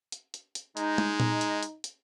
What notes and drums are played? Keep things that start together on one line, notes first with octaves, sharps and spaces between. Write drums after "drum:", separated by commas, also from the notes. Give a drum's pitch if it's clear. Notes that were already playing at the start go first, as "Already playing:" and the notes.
drum: hi-hat
drum: hi-hat
drum: hi-hat
G#3 D#4, drum: hi-hat
drum: tom
drum: tom A#2
drum: hi-hat
drum: hi-hat
drum: hi-hat